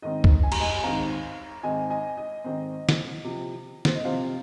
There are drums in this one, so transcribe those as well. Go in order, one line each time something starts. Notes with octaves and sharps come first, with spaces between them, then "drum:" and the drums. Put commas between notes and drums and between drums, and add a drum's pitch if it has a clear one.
G#2 D#3 C4 D#5
drum: kick
G#5
A#5, drum: cymbal
D#5 G#5
G#2 D#3 C4 F5 A#5
G#2 D#3 C4 D#5 G#5
D#5 G#5
D#5
G#2 D#3 C4
drum: snare
C3 F3 C4
C5, drum: snare
D#5
C3 F3 C4 C5 F5